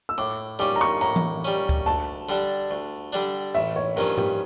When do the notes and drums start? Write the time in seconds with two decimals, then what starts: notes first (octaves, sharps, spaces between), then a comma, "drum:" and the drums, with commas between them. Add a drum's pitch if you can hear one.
0.09 E6
0.18 A2 D6
0.59 G3 C#4 D6
0.76 A#5
0.81 C#6
1.01 A2 A#5
1.16 drum: tom E3
1.45 G3 C#4
1.69 drum: kick D2
1.86 D2 A5
2.29 D3 G3 D4
2.71 D2
3.13 D3 G3 D4
3.55 A1 E5
3.76 C#5
3.96 G2 F3 C#4 A#4
4.17 G4, drum: tom G#2